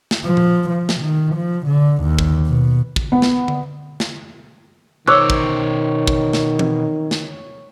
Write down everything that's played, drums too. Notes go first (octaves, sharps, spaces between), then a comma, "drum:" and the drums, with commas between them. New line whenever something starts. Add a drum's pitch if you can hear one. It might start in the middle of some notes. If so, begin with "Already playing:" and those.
drum: snare
F3
drum: tom A#2
F3
drum: snare
D#3
F3
D3
D#2
drum: kick
B2
drum: kick
B3
drum: snare
drum: tom D3
drum: snare
B2 D#3 C5 C#5 D6 E6 F#6
drum: kick
drum: kick
drum: snare
drum: tom E3
drum: snare